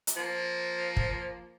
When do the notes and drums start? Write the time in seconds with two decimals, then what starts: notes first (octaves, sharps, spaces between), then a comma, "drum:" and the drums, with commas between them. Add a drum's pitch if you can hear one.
0.07 drum: hi-hat
0.17 F3 A#3
0.97 drum: kick